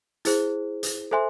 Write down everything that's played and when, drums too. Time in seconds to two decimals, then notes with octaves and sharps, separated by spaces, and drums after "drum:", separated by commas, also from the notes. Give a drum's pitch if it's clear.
0.25 E4 G#4 C5, drum: hi-hat
0.83 drum: hi-hat
1.11 A4 C5 E5 G#5 C6